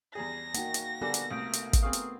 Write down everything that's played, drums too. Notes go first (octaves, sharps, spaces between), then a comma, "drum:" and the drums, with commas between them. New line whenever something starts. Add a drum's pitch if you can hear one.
E2 G3 G#4 A#6
A#3 D#4 F#4 F#5 G5, drum: hi-hat
drum: hi-hat
D3 G3 B3 F#4 A4 A#4 G#5 D6
drum: hi-hat
C2 A3 F5 D#6 G6 D7
drum: hi-hat
drum: kick, hi-hat
B3 C4 G#4 A#4 F5 C#6 D#6
drum: hi-hat